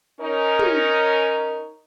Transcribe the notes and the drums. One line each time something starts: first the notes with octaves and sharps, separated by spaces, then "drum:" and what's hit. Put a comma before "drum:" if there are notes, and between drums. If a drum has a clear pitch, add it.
C#4 D#4 A#4
drum: tom